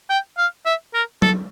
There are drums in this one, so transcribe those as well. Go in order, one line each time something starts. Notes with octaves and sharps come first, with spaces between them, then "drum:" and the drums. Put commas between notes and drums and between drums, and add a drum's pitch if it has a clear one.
G5
F5
E5
A#4
A4, drum: tom F#3